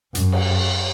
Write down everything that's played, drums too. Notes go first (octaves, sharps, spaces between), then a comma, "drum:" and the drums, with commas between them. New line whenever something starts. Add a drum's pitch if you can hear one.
F#2, drum: hi-hat
drum: cymbal